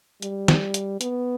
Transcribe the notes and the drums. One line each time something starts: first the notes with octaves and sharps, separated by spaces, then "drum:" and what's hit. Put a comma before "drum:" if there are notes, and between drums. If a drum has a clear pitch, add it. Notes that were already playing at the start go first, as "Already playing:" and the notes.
G3, drum: hi-hat
drum: snare
drum: hi-hat
B3, drum: hi-hat